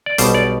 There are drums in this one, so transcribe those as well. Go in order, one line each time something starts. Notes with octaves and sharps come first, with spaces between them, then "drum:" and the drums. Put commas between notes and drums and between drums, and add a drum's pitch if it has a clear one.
D5
B1 B2 G3 C5, drum: hi-hat
D5